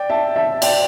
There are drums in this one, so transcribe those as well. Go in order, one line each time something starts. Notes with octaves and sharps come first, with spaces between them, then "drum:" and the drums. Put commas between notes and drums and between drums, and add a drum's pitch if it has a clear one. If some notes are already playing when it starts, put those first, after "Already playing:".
Already playing: D5 G5
E5 A5
E5 A5
D5 G5, drum: cymbal